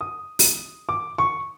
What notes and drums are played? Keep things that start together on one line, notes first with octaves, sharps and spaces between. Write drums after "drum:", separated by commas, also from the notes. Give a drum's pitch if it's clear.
D#6
drum: open hi-hat
D6
C#6